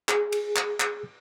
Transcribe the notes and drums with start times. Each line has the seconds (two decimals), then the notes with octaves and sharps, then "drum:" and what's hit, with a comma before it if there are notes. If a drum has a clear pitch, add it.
0.09 G#4, drum: clap
0.32 drum: cymbal
0.56 drum: clap
0.80 drum: clap